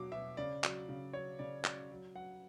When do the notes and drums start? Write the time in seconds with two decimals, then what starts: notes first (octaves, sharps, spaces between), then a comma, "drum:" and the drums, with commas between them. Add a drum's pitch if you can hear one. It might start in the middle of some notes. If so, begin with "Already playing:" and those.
Already playing: B2 F#3 D6
0.12 B2 E5
0.37 C#3 D5
0.64 F#3, drum: clap
0.89 C#3
1.13 F#3 C#5
1.39 C#3 D5
1.65 F#3 D5, drum: clap
1.91 F#3
2.15 F#3 F#5